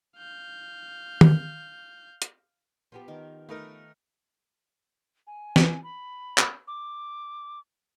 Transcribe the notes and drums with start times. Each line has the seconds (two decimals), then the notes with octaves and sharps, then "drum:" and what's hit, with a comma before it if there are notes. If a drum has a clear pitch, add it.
0.17 F5 G6
1.21 drum: tom D#3
2.22 drum: hi-hat
2.92 F3 B3 G4 C5
3.08 D#3 A#4
3.49 A3 D#4 A#4 B4
5.27 G#5
5.56 drum: snare
5.83 B5
6.38 drum: clap
6.67 D6